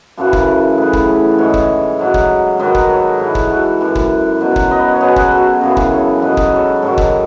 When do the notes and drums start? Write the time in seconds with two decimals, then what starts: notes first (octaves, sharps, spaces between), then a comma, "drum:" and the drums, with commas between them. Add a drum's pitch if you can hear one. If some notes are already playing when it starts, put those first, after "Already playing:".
0.17 F#2 C#3 E3 F#4 A4
0.33 drum: kick
0.78 A2 E3 G#4 B4
0.93 drum: kick
1.08 A4 C#5
1.38 G#2 E3 A4 C#5
1.54 drum: kick
1.99 G#2 F#3
2.14 drum: kick
2.59 G#2 D#3 F#3 B4 D#5
2.75 drum: kick
2.90 A4 C#5
3.19 G#2 E3 G#4 B4
3.35 drum: kick
3.50 F#4 A4
3.81 F#2 E3
3.95 drum: kick
4.41 B2 F#3
4.56 drum: kick
4.71 B4 D#5
4.92 C#5
5.01 B2 F#3 G#4 B4
5.16 drum: kick
5.31 F#4 A4
5.61 F#2 C#3 E3 G#4 B4
5.77 drum: kick
5.92 A4 C#5
6.22 G#2 F#3 B4 D#5
6.37 drum: kick
6.52 A4 C#5
6.82 G#2 D#3 F#3 A4 C#5
6.98 drum: kick